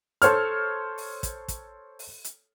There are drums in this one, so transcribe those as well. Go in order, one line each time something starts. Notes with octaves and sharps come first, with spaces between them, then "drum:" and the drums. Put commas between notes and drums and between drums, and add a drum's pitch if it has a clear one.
A4 C5 C#5 F6, drum: hi-hat
drum: open hi-hat
drum: kick, hi-hat
drum: kick, hi-hat
drum: open hi-hat
drum: hi-hat